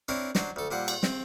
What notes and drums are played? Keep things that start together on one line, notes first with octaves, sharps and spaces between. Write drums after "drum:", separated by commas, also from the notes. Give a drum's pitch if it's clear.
C4 D4 E4 A#4 C#5
F#3 D4 C5, drum: snare
D2 A4
A#2 G3 C5 F#5
drum: cymbal
C4, drum: snare